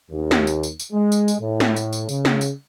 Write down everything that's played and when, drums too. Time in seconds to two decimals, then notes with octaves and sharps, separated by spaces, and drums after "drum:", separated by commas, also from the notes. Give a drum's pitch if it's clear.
0.11 D#2
0.31 drum: snare
0.47 drum: tambourine
0.63 drum: tambourine
0.79 drum: tambourine
0.92 G#3
1.12 drum: tambourine
1.28 drum: tambourine
1.40 A2
1.60 drum: snare
1.76 drum: tambourine
1.93 drum: tambourine
2.09 C#3, drum: tambourine
2.25 drum: snare
2.41 drum: tambourine